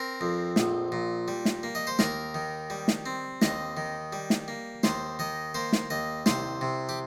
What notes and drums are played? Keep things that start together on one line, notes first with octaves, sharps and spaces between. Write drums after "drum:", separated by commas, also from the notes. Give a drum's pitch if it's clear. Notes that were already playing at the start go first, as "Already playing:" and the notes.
Already playing: C4 A#4
F2
A#1, drum: snare
A#2
G3
drum: snare
A#3
D#5
C5
D#2 A#4, drum: snare
D#3
G3
drum: snare
C4
D#2 D#5, drum: snare
D#3
G3
drum: snare
A#3
D#2 C5, drum: snare
D#3 D#5
A#3 C5
drum: snare
D#2 D#5
C2 C5, drum: snare
C3
G4